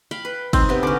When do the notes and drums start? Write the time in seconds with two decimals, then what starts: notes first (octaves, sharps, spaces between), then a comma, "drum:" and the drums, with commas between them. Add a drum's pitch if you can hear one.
0.11 F5 G5 B5
0.25 B4
0.53 C4 D#4, drum: kick, cymbal
0.69 C3 B3
0.83 D3 C#4 D6